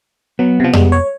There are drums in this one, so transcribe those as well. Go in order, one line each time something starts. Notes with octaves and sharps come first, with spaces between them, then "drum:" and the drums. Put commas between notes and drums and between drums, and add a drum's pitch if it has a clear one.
F#3 B3
C3 F3
G3 G#3, drum: tom F2
C#5